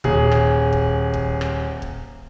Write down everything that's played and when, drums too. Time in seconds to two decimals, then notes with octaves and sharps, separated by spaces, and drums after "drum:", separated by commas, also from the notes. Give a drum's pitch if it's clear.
0.04 D#1 G#4, drum: kick
0.32 drum: rim click
0.73 drum: kick
1.14 drum: kick
1.41 drum: rim click
1.82 drum: kick